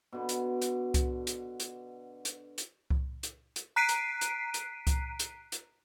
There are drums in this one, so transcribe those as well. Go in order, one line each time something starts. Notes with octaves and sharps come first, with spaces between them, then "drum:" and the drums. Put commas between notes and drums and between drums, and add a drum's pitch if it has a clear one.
B2 D3
drum: hi-hat
drum: hi-hat
drum: kick C2, hi-hat
drum: hi-hat
drum: hi-hat
drum: hi-hat
drum: hi-hat
drum: kick C2
drum: hi-hat
drum: hi-hat
A#5 F#6 B6 C7 D7 D#7
drum: hi-hat
drum: hi-hat
drum: hi-hat
drum: kick C2, hi-hat
drum: hi-hat
drum: hi-hat